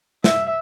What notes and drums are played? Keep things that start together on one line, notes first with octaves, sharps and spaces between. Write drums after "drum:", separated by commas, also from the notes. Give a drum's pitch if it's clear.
E5, drum: snare